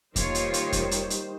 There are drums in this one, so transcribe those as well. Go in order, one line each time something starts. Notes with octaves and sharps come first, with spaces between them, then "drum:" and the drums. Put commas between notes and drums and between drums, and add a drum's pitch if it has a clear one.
D#3 G3 A#3 F4 C5 C#5, drum: kick E2, hi-hat
drum: hi-hat
drum: hi-hat
drum: kick E2, hi-hat
drum: hi-hat
drum: hi-hat